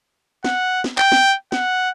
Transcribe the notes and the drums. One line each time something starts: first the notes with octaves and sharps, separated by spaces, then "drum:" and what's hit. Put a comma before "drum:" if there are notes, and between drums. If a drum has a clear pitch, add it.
F#5, drum: snare
drum: snare
G5, drum: clap
drum: snare
F#5, drum: snare